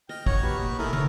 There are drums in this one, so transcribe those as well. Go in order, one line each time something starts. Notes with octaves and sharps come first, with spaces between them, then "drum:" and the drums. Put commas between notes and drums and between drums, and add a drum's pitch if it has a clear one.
D#5 G5 F6
D#3 F#4 C#5 A#5 C#6, drum: kick
D#2 A#2 G4 B4
F1 B1 D#3 E4 A4 A#4 G#5 A#5
D3 A3 A#4 C#5, drum: tom